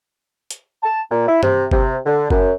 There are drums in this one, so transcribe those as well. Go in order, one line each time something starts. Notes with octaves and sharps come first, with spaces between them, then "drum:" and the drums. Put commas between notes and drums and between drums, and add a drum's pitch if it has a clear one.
drum: hi-hat
A5
A#2
E4
C3, drum: tom G2
C3, drum: kick G1
D3
F#2, drum: kick G1